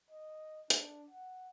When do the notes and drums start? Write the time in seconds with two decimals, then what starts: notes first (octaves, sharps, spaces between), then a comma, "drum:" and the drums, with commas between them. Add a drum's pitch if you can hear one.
0.11 D#5
0.70 D4, drum: hi-hat
1.11 F#5